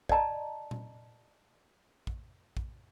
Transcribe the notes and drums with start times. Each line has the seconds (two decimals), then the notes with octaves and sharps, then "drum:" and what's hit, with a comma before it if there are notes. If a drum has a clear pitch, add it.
0.09 D5 D#5 A5 A#5, drum: kick
0.71 drum: tom A#2
2.07 drum: kick
2.57 drum: kick